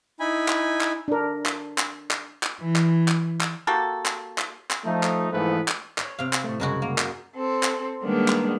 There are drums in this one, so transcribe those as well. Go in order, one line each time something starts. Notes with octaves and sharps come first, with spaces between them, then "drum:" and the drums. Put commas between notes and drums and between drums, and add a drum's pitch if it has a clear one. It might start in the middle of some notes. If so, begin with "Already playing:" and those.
D#4 E4 G#5 B5
drum: clap
drum: clap
D4 A#4
drum: clap
drum: clap
drum: clap
drum: clap
E3
drum: clap
drum: clap
drum: clap
A#3 F#4 G4 A4
drum: clap
drum: clap
drum: clap
F3 A3 D#4
drum: clap
G#2 E3 F3 A3 B3 B4
drum: clap
C#5 B5, drum: clap
C3 F5
drum: clap
A2 A3
C2 F#2 C#3 G#3 F#4
A#3
drum: clap
C4 A4
drum: clap
D#3 G3 G#3 A#3 B3 D4
drum: clap